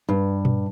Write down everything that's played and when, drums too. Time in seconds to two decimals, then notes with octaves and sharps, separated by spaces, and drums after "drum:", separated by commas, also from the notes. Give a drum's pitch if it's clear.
0.09 G2
0.45 drum: tom A#2